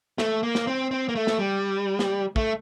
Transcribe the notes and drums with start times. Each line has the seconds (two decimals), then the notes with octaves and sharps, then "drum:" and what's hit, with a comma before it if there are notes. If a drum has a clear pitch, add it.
0.18 A3, drum: snare
0.43 A#3
0.55 drum: snare
0.67 C4
0.91 C4
1.09 A#3
1.15 A3
1.27 drum: snare
1.39 G3
1.99 drum: snare
2.36 A3, drum: kick